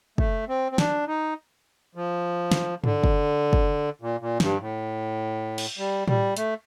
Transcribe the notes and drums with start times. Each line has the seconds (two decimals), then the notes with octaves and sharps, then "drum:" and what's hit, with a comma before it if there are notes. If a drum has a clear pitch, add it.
0.18 A3, drum: kick
0.48 C4
0.72 C4
0.78 D4, drum: snare
1.07 D#4
1.95 F3
2.51 drum: snare
2.84 D3, drum: tom G2
3.04 drum: kick
3.53 drum: kick
4.02 A#2
4.20 A#2
4.40 G2, drum: snare
4.60 A2
5.58 drum: cymbal
5.78 G3
6.08 G3, drum: tom A2
6.37 A3, drum: hi-hat